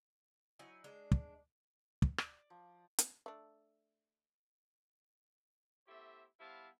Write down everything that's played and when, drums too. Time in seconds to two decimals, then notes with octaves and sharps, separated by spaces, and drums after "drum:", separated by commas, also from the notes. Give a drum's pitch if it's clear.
0.59 F#3 D#4 E4 G#5
0.84 G#3 D4
1.12 drum: kick
2.02 drum: kick
2.18 D5, drum: rim click
2.50 F3
2.98 drum: hi-hat
3.26 A3 D4
5.88 A3 B3 E4 G4 C5 E5
6.40 G3 B3 E4 C5 F5 A5